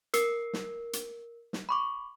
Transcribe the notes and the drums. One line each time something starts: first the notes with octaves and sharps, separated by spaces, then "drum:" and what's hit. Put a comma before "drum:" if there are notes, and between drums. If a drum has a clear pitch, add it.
A#4 E6 C7 C#7, drum: hi-hat
drum: snare
drum: hi-hat
drum: snare
B5 C#6 D6